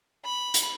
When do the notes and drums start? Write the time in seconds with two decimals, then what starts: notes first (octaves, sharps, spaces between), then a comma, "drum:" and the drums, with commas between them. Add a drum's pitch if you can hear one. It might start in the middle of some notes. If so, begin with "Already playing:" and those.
0.24 B5
0.54 drum: hi-hat